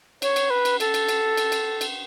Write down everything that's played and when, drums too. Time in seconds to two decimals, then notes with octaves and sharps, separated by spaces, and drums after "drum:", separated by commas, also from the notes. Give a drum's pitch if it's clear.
0.22 C#5, drum: cymbal
0.36 drum: cymbal
0.50 B4
0.65 drum: cymbal
0.80 A4, drum: cymbal
0.94 drum: cymbal
1.08 drum: cymbal
1.37 drum: cymbal
1.52 drum: cymbal
1.81 drum: cymbal